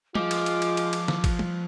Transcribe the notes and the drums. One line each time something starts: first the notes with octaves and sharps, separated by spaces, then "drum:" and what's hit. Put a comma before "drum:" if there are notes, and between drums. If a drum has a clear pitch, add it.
F3 G#3 F4 D6, drum: tom
drum: cymbal
drum: cymbal
drum: cymbal
drum: cymbal
drum: cymbal
drum: snare
drum: kick, cymbal
drum: tom